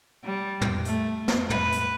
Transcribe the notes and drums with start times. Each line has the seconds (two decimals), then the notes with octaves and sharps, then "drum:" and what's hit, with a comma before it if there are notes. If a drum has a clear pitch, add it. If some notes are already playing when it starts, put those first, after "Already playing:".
0.25 G3
0.61 drum: tom
0.85 A3, drum: hi-hat
1.28 drum: snare
1.50 B4, drum: tom
1.72 drum: hi-hat